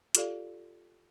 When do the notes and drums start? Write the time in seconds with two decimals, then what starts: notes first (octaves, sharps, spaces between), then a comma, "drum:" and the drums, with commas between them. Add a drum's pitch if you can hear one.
0.15 F4 G4 A4 D5 F5, drum: hi-hat